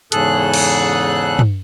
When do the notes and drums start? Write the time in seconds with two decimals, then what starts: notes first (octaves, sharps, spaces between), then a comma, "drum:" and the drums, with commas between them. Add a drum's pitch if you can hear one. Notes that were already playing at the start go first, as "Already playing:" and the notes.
0.12 E2 G#2 C#3 G#4 A4 F#6, drum: hi-hat
0.54 drum: cymbal
1.39 drum: tom